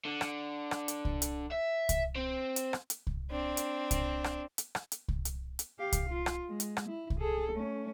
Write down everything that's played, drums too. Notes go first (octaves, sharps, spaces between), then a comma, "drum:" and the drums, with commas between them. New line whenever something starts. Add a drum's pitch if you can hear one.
D3
drum: rim click
drum: rim click
drum: hi-hat
drum: kick C2
drum: hi-hat
E5
drum: kick C2, hi-hat
C4
drum: hi-hat
drum: rim click
drum: hi-hat
drum: kick C2
C4 D4
drum: hi-hat
drum: kick C2, hi-hat
drum: rim click
drum: hi-hat
drum: rim click
drum: hi-hat
drum: kick C2
drum: hi-hat
drum: hi-hat
G4 F5
drum: kick C2, hi-hat
F4
drum: rim click
G#3
drum: hi-hat
drum: rim click
E4
drum: kick C2
G#4 A4
A3 C#4